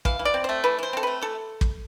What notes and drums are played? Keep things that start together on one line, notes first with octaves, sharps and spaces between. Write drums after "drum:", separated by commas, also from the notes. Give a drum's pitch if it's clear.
E3 F5, drum: kick
E3
D5
C4
A3 C5
E3 B4
E3 C5
C4 A4
A3 B4
E3 A4
drum: kick